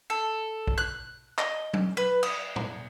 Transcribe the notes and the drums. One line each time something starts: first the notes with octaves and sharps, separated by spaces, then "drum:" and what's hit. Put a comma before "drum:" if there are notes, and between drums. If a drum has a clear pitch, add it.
A4
drum: kick A#1
F#6
D#5, drum: clap
drum: tom F#3
B4
D#6, drum: cymbal
drum: tom A2